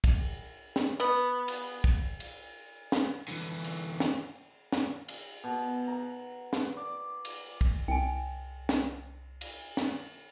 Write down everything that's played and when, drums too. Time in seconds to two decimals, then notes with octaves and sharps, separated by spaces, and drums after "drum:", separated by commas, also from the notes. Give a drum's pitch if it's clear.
0.04 drum: kick, cymbal
0.76 drum: snare
1.00 B3
1.48 drum: cymbal
1.84 drum: kick
2.20 drum: cymbal
2.92 drum: snare
3.28 D3 E3
3.64 drum: cymbal
4.00 drum: snare
4.72 drum: snare
5.09 drum: cymbal
5.44 B2
5.88 A#5
6.53 drum: snare
6.77 D5
7.25 drum: cymbal
7.61 drum: kick
7.88 C2 G5 G#5
8.69 drum: snare
9.41 drum: cymbal
9.77 drum: snare